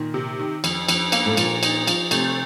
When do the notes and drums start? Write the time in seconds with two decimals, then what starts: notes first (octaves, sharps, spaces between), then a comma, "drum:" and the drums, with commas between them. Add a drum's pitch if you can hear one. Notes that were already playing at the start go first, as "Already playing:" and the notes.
Already playing: A#2 D#3
0.14 C3
0.39 D#3
0.64 F2, drum: cymbal
0.89 F2, drum: cymbal
1.12 A#3, drum: cymbal
1.26 A2
1.37 A#2 F3, drum: cymbal
1.63 D#4, drum: cymbal
1.87 F3, drum: cymbal
2.11 C3 A3, drum: cymbal